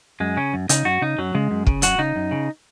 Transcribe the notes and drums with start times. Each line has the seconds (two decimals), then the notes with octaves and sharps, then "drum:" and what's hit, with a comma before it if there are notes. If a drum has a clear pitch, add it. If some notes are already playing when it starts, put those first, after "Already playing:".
0.20 F#2 G#3
0.37 C#3 C#4
0.54 F#2
0.69 C#3 D#4, drum: hi-hat
0.85 F#2 F#4
1.01 C#3 D#4
1.18 F#2 F#3
1.34 C#3 G#3
1.51 F#2
1.67 C#3, drum: kick
1.82 F#2 F#4, drum: hi-hat
1.98 C#3 D#4
2.16 F#2
2.31 C#3